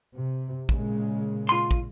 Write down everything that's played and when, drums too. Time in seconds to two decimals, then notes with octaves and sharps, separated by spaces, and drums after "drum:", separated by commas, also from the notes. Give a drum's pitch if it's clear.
0.16 C3
0.69 A#2 C#3 G#3, drum: kick
1.49 F4 C6
1.71 drum: kick